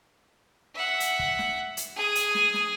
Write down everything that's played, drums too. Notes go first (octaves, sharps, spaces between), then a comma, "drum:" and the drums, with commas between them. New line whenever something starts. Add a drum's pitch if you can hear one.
E5 F#5
drum: hi-hat
drum: kick
drum: snare
drum: hi-hat
G#4 D#6
drum: hi-hat
drum: snare
drum: snare